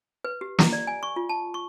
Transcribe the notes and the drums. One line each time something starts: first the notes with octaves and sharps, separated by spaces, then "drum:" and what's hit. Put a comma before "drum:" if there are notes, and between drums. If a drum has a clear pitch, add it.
B4
G4
A#5, drum: snare
D5
G#5
C#6
F4
A5
C#6